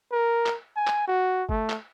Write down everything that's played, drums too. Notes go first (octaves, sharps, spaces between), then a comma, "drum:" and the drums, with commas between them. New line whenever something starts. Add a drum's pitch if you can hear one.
A#4
drum: clap
G#5
drum: clap
F#4
A3, drum: kick G1
drum: clap